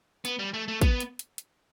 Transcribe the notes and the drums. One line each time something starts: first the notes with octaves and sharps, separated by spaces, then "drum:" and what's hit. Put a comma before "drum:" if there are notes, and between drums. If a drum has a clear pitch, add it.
B3, drum: hi-hat
G3
A3
A3
B3, drum: kick, hi-hat
drum: hi-hat
drum: hi-hat
drum: hi-hat